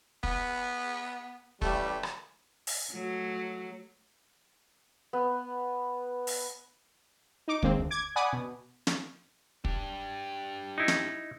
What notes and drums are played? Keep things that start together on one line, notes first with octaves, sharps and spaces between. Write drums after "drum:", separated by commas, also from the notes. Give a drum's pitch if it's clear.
B3, drum: kick
A1 G3 A3, drum: kick
drum: rim click
drum: open hi-hat
F#3 A3
B3
drum: open hi-hat
D#4 D6
D#3 G#3 A#3 C4, drum: kick
D2
D6 G#6
D5 F#5 G#5 B5 D6 D#6
B2
drum: snare
D4 G4, drum: kick
D#4 E4
drum: snare